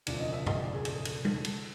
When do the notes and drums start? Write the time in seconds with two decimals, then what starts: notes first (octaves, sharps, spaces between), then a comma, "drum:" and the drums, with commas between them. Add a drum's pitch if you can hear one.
0.07 E1 D2 C#3 F3 D5, drum: cymbal
0.20 D#5
0.33 E5
0.47 D#5, drum: tom G2
0.60 D5
0.74 G#4
0.85 A4, drum: cymbal
1.05 drum: cymbal
1.25 drum: tom G3
1.45 drum: cymbal